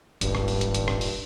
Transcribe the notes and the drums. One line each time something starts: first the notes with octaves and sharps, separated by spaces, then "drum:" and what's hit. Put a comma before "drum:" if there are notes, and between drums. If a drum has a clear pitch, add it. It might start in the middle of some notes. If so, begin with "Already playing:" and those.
D#1 G#1 G2, drum: hi-hat
drum: rim click
drum: open hi-hat
drum: hi-hat
drum: hi-hat
drum: rim click
drum: open hi-hat